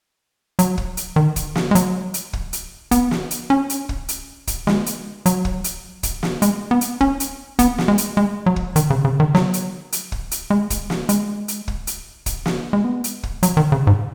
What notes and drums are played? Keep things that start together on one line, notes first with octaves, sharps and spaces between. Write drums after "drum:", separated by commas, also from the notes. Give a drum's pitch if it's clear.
F#3, drum: hi-hat
drum: kick
drum: hi-hat
D#3
drum: kick, hi-hat
drum: snare
G#3
F#3, drum: hi-hat
drum: hi-hat
drum: kick
drum: hi-hat
B3, drum: kick, hi-hat
drum: snare
drum: hi-hat
C#4
drum: hi-hat
drum: kick
drum: hi-hat
drum: kick, hi-hat
G#3, drum: snare
drum: hi-hat
F#3, drum: hi-hat
drum: kick
drum: hi-hat
drum: kick, hi-hat
drum: snare
G#3, drum: hi-hat
B3
drum: hi-hat
C#4, drum: kick
drum: hi-hat
B3, drum: kick, hi-hat
drum: snare
G#3
drum: hi-hat
G#3
F#3
drum: kick
D#3, drum: hi-hat
C#3
C#3
D#3
F#3, drum: snare
drum: hi-hat
drum: hi-hat
drum: kick
drum: hi-hat
G#3
drum: kick, hi-hat
drum: snare
G#3, drum: hi-hat
drum: hi-hat
drum: kick
drum: hi-hat
drum: kick, hi-hat
drum: snare
G#3
B3
drum: hi-hat
drum: kick
F#3, drum: hi-hat
D#3
C#3
G#2